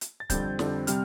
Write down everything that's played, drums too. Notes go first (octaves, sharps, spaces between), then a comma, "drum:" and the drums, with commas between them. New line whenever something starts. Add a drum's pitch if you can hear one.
drum: hi-hat
A6
F2 D3 G3 C4 G6, drum: kick C#1, hi-hat
F2 D3 G3 C4, drum: snare
C3 G3 C4 F6, drum: hi-hat